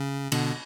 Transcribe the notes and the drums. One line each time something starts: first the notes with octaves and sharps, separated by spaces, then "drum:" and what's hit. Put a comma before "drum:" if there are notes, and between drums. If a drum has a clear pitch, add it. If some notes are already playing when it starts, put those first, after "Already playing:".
Already playing: C#3
B2 D3, drum: cymbal